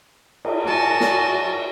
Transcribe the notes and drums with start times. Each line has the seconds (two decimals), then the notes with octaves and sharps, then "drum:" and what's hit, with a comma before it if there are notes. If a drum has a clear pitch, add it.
0.45 drum: cymbal
0.67 F#4 G#5 A5
1.00 drum: snare